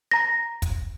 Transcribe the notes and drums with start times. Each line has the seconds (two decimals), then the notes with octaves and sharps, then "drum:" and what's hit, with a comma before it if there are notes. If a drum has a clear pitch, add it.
0.11 A#5 A#6
0.62 drum: kick, hi-hat